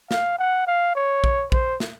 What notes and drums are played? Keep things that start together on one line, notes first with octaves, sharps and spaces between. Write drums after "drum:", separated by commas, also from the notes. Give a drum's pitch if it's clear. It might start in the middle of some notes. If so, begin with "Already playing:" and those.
F5, drum: snare
F#5
F5
C#5
drum: kick A#1
C5, drum: kick A#1
drum: snare